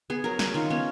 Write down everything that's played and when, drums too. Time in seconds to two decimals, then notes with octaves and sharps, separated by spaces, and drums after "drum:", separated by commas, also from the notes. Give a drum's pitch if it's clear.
0.10 B3 G#4
0.24 F#3 A#4
0.39 F#3 F#4, drum: snare
0.54 D#3 F4
0.70 B3 C#4